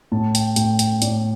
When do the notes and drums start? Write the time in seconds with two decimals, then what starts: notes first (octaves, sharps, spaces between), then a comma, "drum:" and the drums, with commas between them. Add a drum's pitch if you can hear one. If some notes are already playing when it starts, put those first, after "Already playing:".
0.12 A2 A5
0.35 G5, drum: hi-hat
0.56 A2 G5, drum: hi-hat
0.79 G5, drum: hi-hat
1.02 A2 D5, drum: hi-hat